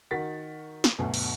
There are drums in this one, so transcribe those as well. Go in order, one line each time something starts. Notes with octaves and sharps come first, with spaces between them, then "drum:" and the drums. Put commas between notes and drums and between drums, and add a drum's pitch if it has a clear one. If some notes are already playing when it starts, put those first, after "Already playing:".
D#3 F#4 A#4 F#5 A6 B6
drum: snare
G1 D2 B2 F#3 G#5
drum: cymbal